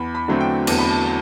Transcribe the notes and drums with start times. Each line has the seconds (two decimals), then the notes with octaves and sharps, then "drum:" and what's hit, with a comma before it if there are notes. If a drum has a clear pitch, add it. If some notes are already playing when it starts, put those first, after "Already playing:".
Already playing: E2 B5
0.15 B5
0.28 D3 F#3 A3 C4
0.41 G5
0.67 E2 A5, drum: cymbal
0.78 B5
0.90 A5